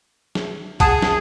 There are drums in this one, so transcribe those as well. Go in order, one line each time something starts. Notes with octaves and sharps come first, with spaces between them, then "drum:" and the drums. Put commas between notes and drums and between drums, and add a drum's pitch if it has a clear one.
drum: snare
G#4 F#5 A5 D#6, drum: kick B1, hi-hat
drum: snare